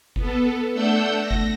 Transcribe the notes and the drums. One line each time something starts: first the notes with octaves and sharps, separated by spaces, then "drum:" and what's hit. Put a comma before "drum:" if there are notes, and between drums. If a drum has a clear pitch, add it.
B3 A4, drum: kick G1
A3 D4 F#5 E6 G6
A#6
drum: kick G1